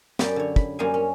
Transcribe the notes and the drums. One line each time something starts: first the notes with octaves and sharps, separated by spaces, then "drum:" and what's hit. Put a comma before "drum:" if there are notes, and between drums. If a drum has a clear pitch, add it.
F#2 G4 D5 A#5 B5, drum: snare
D3 C#5
B5, drum: kick
F#2 G3 A#3 C4 F5 G#5
C#4